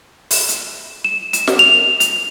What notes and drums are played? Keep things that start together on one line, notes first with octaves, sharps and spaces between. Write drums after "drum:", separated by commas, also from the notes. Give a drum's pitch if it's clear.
drum: open hi-hat
drum: hi-hat
E7
E7, drum: hi-hat
drum: snare
F7
F7, drum: hi-hat